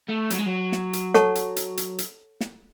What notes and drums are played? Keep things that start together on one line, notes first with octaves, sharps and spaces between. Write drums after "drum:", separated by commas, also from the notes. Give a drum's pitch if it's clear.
A3
F#3, drum: hi-hat
G#3
F#3
drum: snare
drum: hi-hat
A4 C#5 F#5 A5 C#6, drum: snare
drum: hi-hat
drum: hi-hat
drum: hi-hat
drum: hi-hat
drum: snare